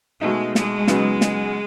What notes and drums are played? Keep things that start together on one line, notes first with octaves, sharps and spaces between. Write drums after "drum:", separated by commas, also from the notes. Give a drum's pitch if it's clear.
B2 G#3 A3 D#4
G#3, drum: snare
C#3 F#3 B3 D#4, drum: snare
drum: snare